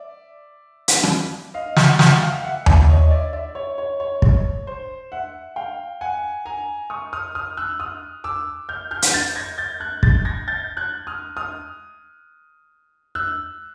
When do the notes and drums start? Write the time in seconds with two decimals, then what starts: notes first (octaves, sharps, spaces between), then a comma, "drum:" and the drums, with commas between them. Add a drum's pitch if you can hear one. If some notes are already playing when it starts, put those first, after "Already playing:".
Already playing: D5 E5
0.88 drum: hi-hat
1.03 drum: rim click
1.54 D#5 F5
1.77 E5 F#5, drum: snare
1.99 E5 F#5, drum: snare
2.21 F5 G5
2.44 E5 F#5
2.66 D5 E5, drum: tom D#2
2.89 C#5 D#5
3.11 D5 E5
3.33 D5 E5
3.55 C#5
3.78 C#5
4.00 C#5
4.22 C#5, drum: kick
4.67 C5
5.12 E5 F#5
5.56 F5 G5
6.01 F#5 G#5
6.46 G#5 A#5
6.90 C#6 D#6
7.13 D#6 F6
7.35 D#6 F6
7.57 E6 F#6
7.80 D#6 F6
8.24 D6 E6
8.69 F6 G6
8.91 F6 G6
9.02 drum: hi-hat
9.14 G6 A6
9.36 G#6 A#6
9.58 G6 A6
9.80 F#6 G#6
10.03 G6 A6, drum: kick
10.25 G#6 A#6
10.48 G6 A6
10.77 F#6 G#6
11.07 D#6 F6
11.37 D#6 F6
13.15 E6 F#6